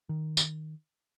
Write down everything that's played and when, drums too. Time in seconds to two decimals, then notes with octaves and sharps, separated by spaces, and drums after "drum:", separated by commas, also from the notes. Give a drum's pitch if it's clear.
0.09 D#3
0.37 drum: tambourine